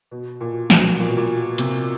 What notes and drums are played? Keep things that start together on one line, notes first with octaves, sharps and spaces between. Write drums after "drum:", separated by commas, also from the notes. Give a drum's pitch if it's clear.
B2
A#2
B2, drum: snare
A#2
B2
A#2
C3, drum: hi-hat